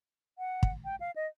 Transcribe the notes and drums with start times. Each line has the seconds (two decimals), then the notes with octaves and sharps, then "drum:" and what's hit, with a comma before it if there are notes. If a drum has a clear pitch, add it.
0.38 F#5
0.63 drum: kick
0.85 G5
1.00 F5
1.16 D#5